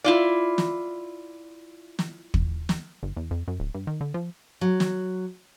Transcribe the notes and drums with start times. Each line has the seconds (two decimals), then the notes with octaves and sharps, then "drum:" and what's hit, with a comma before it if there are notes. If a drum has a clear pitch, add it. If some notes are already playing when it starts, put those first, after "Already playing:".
0.04 E4 F4 D5
0.58 drum: snare
1.99 drum: snare
2.34 drum: kick
2.69 drum: snare
3.03 G1
3.17 E2
3.31 F2
3.48 F#2
3.60 D1
3.75 G2
3.87 D#3
4.01 D3
4.14 F3
4.61 F#3
4.80 drum: snare